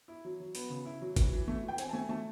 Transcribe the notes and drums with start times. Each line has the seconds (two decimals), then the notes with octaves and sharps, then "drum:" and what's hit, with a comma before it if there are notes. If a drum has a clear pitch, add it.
0.08 E4
0.25 F#3
0.40 F#3
0.55 B3, drum: open hi-hat
0.70 C#3
0.85 E4
1.01 F#3
1.16 E3, drum: kick G1, hi-hat
1.32 E3
1.48 A3
1.63 E3 G5
1.78 C4 G#5, drum: hi-hat
1.89 A5
1.93 A3 G#5
2.09 A3 A5